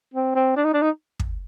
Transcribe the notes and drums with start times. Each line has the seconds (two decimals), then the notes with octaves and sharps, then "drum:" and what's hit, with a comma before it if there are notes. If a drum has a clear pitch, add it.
0.14 C4
0.35 C4
0.56 D4
0.64 D#4
0.73 D4
0.81 D#4
1.20 drum: kick